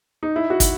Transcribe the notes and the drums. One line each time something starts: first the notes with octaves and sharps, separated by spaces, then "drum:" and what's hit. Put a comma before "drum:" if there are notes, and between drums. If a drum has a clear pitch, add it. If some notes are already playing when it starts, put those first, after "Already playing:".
D#4
E4
F#4
drum: kick, hi-hat